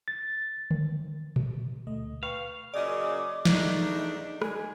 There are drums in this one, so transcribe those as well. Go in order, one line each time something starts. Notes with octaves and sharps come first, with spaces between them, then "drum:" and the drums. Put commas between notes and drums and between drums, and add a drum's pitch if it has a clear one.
A6
drum: tom D3
drum: tom A#2
D2 A3 D#5
B4 F5 G5 C#6
F#2 A#2 C#3 D5 D#5 D6
E2 A3 D4 D#4, drum: snare
G#5, drum: rim click